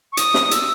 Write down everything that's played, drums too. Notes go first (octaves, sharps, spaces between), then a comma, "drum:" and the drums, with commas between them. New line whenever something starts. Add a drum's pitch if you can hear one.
C#6
D#6, drum: hi-hat
drum: snare
E6, drum: hi-hat